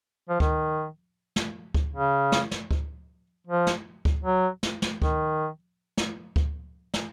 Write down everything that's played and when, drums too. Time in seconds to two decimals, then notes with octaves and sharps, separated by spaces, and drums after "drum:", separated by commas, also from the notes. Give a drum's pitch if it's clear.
0.29 F3
0.40 D#3, drum: kick D2
1.36 drum: snare
1.74 drum: kick D2
1.93 C#3
2.32 drum: snare
2.51 drum: snare
2.71 drum: kick D2
3.47 F3
3.67 drum: snare
4.05 drum: kick D2
4.25 F#3
4.63 drum: snare
4.82 drum: snare
5.02 D#3, drum: kick D2
5.97 drum: snare
6.36 drum: kick D2
6.94 drum: snare